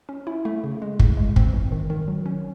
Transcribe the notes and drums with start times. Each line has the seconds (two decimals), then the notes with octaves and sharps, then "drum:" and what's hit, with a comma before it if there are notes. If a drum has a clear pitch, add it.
0.09 C#4
0.27 E4
0.45 A3
0.64 C#3
0.82 G#3
1.00 A2, drum: kick
1.17 G#3
1.36 C4, drum: kick
1.53 E3
1.72 D#3
1.90 D#3
2.08 F#3
2.26 C#4